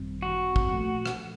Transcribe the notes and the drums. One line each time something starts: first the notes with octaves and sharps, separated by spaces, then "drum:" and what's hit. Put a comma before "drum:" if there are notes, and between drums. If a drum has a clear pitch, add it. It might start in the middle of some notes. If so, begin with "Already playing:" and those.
Already playing: G#1 F#2 D#3 G3 C4
F#4
drum: kick
A#2 F3 A3
drum: rim click